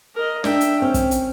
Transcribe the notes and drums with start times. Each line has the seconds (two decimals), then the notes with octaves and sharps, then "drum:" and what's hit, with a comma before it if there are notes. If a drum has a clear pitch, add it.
0.15 A#4 D#5
0.44 D4 E5 G5, drum: snare
0.61 drum: hi-hat
0.82 C4 C#4
0.94 drum: kick, hi-hat
1.11 drum: hi-hat